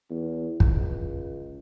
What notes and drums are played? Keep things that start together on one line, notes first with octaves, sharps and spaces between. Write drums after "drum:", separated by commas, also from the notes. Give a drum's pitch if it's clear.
E2
C#2, drum: kick